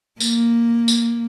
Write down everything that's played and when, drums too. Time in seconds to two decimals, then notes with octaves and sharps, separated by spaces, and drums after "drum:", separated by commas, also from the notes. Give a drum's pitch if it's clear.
0.20 A#3, drum: tambourine
0.88 drum: tambourine